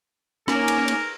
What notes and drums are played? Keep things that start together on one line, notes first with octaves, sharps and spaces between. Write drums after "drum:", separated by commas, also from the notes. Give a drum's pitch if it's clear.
A#3 C#4 D#4 A#4 G#5 D6, drum: rim click
drum: cymbal
drum: cymbal